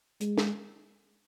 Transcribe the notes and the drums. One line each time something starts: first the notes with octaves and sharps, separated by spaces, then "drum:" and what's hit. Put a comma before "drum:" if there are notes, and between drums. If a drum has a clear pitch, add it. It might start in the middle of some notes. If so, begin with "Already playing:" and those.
G#3, drum: hi-hat
drum: snare